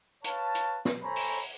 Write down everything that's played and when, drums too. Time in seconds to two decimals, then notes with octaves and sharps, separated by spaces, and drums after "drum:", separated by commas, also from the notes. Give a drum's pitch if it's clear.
0.24 B4 C#5 F5 A5, drum: hi-hat
0.55 drum: hi-hat
0.85 drum: snare
1.03 A4 C5 C#5 G#5 A#5 B5
1.16 drum: open hi-hat